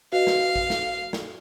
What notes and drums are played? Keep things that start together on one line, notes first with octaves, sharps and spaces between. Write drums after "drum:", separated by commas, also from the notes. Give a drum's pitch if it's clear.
F#4 B4 D#5 F5
drum: snare
drum: kick
drum: snare
drum: snare